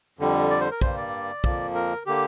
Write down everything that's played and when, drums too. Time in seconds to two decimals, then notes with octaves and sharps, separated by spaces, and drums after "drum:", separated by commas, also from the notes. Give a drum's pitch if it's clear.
0.19 F2 D3 G3
0.51 D5
0.61 C5
0.71 A#4
0.81 G2 G3 A#3 C5, drum: kick
0.97 D5
1.44 F2 F3 A#3, drum: kick
1.75 A#4
2.06 D3 A#3 G4